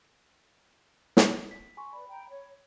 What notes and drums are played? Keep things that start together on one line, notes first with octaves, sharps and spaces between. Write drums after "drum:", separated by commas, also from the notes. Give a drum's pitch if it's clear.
drum: snare
B6
G#5 C6 C#6
B4 D5 B5
G5 A#5
C#5